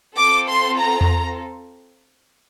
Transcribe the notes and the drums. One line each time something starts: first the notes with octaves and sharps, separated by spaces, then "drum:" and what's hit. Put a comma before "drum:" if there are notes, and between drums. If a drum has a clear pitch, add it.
C4 F4 A4 D6
C6
A#5
drum: tom E2